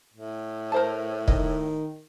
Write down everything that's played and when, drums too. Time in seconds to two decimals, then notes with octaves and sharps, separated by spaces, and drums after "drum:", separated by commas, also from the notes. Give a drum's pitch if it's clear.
0.14 A2
0.72 A#4 C5 A5
1.28 D#3 D#5, drum: kick